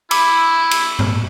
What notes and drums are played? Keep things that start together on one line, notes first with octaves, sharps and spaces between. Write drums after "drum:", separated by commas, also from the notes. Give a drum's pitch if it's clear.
E4 B5 D6 E6, drum: cymbal
drum: cymbal
drum: tom G2